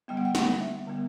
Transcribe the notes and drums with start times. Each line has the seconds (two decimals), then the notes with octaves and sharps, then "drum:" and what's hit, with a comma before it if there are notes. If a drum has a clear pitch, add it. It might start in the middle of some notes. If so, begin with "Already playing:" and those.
0.08 D3 G3 B3 G5
0.17 F#5
0.25 G5
0.35 F#5, drum: snare
0.60 E5
0.87 D3 G3 B3